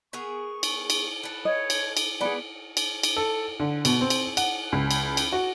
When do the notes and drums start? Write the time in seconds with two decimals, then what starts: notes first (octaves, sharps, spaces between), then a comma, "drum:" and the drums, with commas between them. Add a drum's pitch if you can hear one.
0.13 B3 G#4 A#4 C#6
0.63 drum: cymbal
0.90 drum: cymbal
1.23 A4 B4
1.45 C#5 D#5
1.70 drum: cymbal
1.97 drum: cymbal
2.21 G#3 B3 G#4 D5 F#5 B5
2.77 drum: cymbal
3.03 drum: cymbal
3.16 A4
3.60 D3
3.85 B2, drum: cymbal
4.01 C4
4.10 drum: cymbal
4.37 F#5, drum: cymbal
4.72 C#2
4.91 drum: cymbal
5.17 drum: cymbal
5.32 F#4